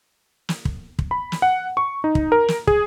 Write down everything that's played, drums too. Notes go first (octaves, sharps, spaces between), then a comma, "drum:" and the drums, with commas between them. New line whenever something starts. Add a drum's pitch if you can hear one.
drum: snare
drum: kick
drum: kick
B5
drum: snare
F#5
C#6
D#4
drum: kick
A#4
drum: snare
G#4, drum: kick